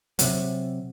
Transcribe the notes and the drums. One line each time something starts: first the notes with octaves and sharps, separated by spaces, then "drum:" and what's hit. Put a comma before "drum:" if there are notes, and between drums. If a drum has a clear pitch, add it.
C3 F#3, drum: hi-hat